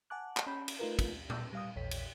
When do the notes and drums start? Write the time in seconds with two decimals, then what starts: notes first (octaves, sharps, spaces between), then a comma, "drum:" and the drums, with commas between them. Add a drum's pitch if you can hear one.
0.10 F#5 G#5 A5 D6 F#6
0.37 drum: clap
0.47 C#4 B5 G6
0.68 drum: cymbal
0.79 A3 D#4 F4 A#4 B4
0.99 drum: kick, cymbal
1.30 E6 G6, drum: tom A#2
1.53 G3 F5 D#6
1.76 A#1 E2 C#5 B6
1.91 drum: cymbal